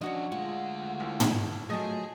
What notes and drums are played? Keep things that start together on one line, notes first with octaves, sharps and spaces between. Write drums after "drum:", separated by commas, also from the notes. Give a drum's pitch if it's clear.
F3 C#4 D4 F#4 D#5 F#5
D2 G#3 F4 F#5
C2
drum: tom
F3 F#3 A3 G#4 D#5 G#5 A5